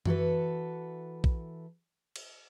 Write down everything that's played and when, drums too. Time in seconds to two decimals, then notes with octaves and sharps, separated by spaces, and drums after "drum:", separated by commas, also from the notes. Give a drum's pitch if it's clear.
0.05 E3 F#4 A4 B4, drum: tom F#2
1.24 drum: kick A#1
2.16 drum: cymbal